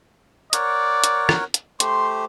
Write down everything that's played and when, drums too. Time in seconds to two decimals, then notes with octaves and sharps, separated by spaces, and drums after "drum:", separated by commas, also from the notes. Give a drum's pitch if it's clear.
0.53 A#4 C#5 D5 F#5, drum: hi-hat
1.04 drum: hi-hat
1.29 drum: rim click
1.54 drum: hi-hat
1.80 A3 G4 C5 C6, drum: hi-hat